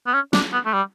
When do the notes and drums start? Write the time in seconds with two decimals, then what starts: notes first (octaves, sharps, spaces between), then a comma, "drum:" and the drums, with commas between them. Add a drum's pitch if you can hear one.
0.07 B3
0.14 C#4
0.33 D4, drum: snare
0.53 B3
0.65 A3
0.73 G3